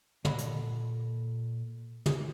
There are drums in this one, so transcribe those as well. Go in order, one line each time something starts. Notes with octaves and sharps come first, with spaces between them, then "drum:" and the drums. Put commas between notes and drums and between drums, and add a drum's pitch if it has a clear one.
A#2 A4 D#5 F#5 B5, drum: tom
drum: hi-hat
drum: tom